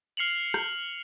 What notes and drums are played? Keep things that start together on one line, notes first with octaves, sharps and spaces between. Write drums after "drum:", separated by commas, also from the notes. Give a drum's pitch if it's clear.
F6 C7 C#7 F7 F#7
drum: rim click